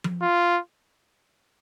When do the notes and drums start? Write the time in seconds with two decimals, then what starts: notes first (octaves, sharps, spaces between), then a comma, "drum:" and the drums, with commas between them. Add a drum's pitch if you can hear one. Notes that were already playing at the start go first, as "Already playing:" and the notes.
0.04 drum: tom F3
0.22 F4